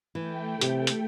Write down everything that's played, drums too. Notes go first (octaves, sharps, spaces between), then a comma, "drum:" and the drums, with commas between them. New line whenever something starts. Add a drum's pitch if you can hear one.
E3 A3 G5
C3 G4, drum: hi-hat
drum: hi-hat